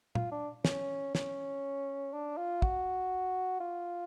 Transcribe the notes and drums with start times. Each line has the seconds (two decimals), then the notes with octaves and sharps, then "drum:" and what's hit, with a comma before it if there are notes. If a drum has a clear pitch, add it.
0.15 F4, drum: tom A#2
0.32 D4
0.65 C#4, drum: snare
1.15 C#4, drum: snare
2.13 D4
2.37 F4
2.62 F#4, drum: kick
3.60 F4